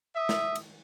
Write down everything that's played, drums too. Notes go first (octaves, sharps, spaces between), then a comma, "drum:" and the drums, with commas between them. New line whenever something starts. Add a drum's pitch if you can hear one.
E5 D#6
drum: snare
drum: cymbal